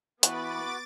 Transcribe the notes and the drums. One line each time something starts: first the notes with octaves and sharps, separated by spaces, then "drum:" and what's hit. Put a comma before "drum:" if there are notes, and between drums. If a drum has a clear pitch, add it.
E3 B3 F#4 B4 D6 A6, drum: hi-hat